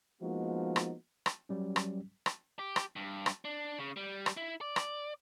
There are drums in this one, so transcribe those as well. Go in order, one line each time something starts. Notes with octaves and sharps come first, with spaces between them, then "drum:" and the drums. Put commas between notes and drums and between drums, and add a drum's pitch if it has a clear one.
F3 G#3 A#3 B3 D#4 F#4
drum: rim click
drum: rim click
F#3 G3 C#4
drum: rim click
drum: rim click
G4
drum: rim click
G2
drum: rim click
D4
C#3
G3
drum: rim click
E4
D5
drum: rim click